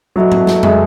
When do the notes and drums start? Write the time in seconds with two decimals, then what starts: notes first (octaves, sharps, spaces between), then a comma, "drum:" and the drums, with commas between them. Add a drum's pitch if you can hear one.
0.16 B2 F#3 A3 E4 A4
0.32 drum: tom G#2
0.47 drum: snare
0.63 B2 G#3 A3 E4 A4, drum: tom F2